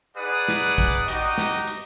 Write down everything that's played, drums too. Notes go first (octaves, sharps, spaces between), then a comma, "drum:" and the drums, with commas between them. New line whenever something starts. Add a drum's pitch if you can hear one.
D#4 G#4 B4 D5 F#5 D#6
drum: snare
drum: kick
D#4 F#4 G4 D#5, drum: hi-hat
drum: snare
drum: hi-hat